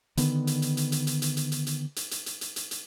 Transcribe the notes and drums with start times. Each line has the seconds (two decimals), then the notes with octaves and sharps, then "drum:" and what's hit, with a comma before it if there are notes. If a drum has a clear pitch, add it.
0.17 D3 D#3 B3, drum: hi-hat
0.47 drum: hi-hat
0.62 drum: hi-hat
0.77 drum: hi-hat
0.92 drum: hi-hat
1.07 drum: hi-hat
1.22 drum: hi-hat
1.37 drum: hi-hat
1.52 drum: hi-hat
1.67 drum: hi-hat
1.96 drum: hi-hat
2.11 drum: hi-hat
2.26 drum: hi-hat
2.41 drum: hi-hat
2.56 drum: hi-hat
2.71 drum: hi-hat